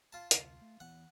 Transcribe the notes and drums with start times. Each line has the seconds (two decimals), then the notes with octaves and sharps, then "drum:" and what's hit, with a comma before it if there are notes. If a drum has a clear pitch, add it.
0.13 F4 A5
0.31 D2 C3, drum: hi-hat
0.61 A3
0.80 E3 B3 F#5